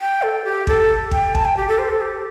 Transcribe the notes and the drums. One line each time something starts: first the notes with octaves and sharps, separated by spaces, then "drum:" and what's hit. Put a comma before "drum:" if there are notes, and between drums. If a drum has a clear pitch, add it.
G5
A4
G4
A4, drum: kick
G5, drum: kick
A5, drum: kick
G5
G4
A4
C5
A4
G4